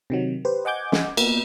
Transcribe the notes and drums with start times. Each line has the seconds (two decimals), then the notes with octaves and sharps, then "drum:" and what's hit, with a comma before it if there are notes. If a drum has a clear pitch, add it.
0.10 C3 D#3 F#3
0.45 G4 B4 C5
0.65 D#5 F#5 G#5 D6 G6 G#6
0.92 drum: snare
1.17 A#3 B3, drum: cymbal